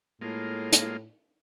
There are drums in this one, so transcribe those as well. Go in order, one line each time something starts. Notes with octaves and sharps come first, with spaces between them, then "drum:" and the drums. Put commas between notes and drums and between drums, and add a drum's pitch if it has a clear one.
A2 G#3 A#3 F4
drum: hi-hat